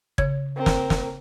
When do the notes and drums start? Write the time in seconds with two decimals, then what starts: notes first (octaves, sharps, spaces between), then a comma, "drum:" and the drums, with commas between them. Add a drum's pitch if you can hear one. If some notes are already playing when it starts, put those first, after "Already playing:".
0.18 C#3 C#5 G#6, drum: kick
0.57 C4 A#4
0.66 drum: snare
0.90 drum: snare